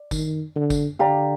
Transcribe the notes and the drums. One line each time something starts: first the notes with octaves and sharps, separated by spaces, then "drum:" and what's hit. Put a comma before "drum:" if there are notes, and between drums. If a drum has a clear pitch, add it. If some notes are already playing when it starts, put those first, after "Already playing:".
Already playing: D5
D#3, drum: kick, tambourine
D3
drum: kick, tambourine
D3 G4 D5 F5 A#5